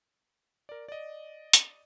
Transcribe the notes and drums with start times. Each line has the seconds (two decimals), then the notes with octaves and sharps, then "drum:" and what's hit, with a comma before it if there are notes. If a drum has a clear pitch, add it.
0.69 A#4 D5
0.88 D5 D#5
1.53 drum: hi-hat